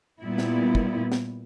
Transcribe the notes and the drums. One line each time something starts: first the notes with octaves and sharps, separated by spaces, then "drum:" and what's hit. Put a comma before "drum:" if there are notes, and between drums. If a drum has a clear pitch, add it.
A#2 G3 B3 E4
drum: snare
drum: kick
drum: snare